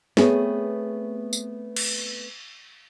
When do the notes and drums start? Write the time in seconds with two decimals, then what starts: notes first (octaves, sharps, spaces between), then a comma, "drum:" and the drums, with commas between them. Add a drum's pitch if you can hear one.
0.17 A3 B3 C4 G#4 B4 C#5, drum: snare
1.33 drum: tambourine
1.76 drum: cymbal